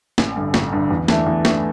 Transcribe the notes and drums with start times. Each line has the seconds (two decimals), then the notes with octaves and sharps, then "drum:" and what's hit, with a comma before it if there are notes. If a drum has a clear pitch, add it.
0.18 A1, drum: snare
0.36 G2 D3
0.54 A1, drum: snare
0.72 G2 D3
0.91 E2
1.08 E3 A3 D4, drum: snare
1.27 E2
1.45 E3 A3 D4, drum: snare